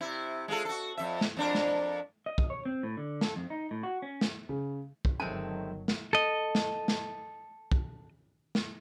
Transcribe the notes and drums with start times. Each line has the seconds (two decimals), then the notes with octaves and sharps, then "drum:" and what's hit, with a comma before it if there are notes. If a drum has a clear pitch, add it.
0.01 C3 E4
0.48 G#3 F4 A4
0.65 F#4 A4
0.97 F2 E5
1.21 drum: snare
1.37 F2 D4 A#4
1.55 drum: snare
2.26 D#5
2.38 drum: kick
2.50 C#5
2.65 C4
2.83 A2
2.97 D3
3.21 A4, drum: snare
3.36 F2
3.50 D#4
3.71 A2
3.83 F#4
4.02 C#4
4.21 drum: snare
4.49 C#3
5.05 drum: kick
5.20 G1 D#3 F#3 G#3 A3 C4 A5
5.88 drum: snare
6.13 A4 D#5
6.55 drum: snare
6.88 drum: snare
7.72 drum: kick
8.55 drum: snare